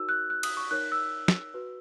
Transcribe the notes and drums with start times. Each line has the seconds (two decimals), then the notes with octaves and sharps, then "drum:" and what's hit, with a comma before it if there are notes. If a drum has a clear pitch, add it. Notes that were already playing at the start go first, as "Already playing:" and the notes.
Already playing: D#4 F#4 A#4 C#5 E6
0.09 F#6
0.30 F#6
0.43 D#6, drum: cymbal
0.57 C#6
0.71 D#4 A#4 C#5 F#6
0.92 E6
1.28 drum: snare
1.54 F#4 B4